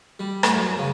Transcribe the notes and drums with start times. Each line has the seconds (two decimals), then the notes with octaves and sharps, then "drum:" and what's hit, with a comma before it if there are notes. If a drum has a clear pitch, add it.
0.19 G3
0.43 A2, drum: rim click
0.55 F#2
0.78 C#3